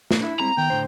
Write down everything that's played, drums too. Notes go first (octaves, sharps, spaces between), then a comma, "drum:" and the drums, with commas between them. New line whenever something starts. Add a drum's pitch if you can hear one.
drum: snare
D4 E4 E5
G3 G#3 C4 A#5
D#3 B3 G5
A2 D3 C5